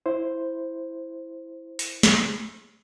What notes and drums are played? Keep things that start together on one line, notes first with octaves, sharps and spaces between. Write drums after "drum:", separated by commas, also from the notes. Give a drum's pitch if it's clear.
E4 C5
drum: open hi-hat
drum: snare